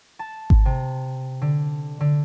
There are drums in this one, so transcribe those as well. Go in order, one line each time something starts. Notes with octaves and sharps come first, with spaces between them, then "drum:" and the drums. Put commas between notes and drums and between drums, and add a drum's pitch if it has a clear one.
A5
drum: kick G#1
C3
D3
D3